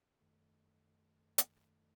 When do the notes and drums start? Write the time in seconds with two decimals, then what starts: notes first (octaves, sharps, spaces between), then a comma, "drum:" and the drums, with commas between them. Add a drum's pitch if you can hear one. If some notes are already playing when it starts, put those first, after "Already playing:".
0.21 F#2 D#3 A3
1.38 drum: hi-hat